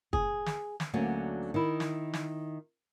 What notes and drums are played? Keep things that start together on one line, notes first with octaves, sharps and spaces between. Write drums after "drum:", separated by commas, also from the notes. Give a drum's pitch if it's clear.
G#4, drum: kick
drum: snare
drum: snare
D2 D3 F#3 A#3 C#4
D#3 E4
drum: snare
drum: snare